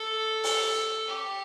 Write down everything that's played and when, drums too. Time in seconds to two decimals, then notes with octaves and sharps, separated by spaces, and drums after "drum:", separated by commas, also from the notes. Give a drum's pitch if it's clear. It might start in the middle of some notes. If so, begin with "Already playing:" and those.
Already playing: A4
0.44 drum: open hi-hat
1.08 G4